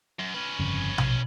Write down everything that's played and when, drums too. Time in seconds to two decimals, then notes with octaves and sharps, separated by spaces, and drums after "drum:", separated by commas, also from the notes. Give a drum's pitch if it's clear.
0.19 F#2
0.35 C#4 B4
0.59 G1 F2 C#3
0.98 A#1, drum: tom B2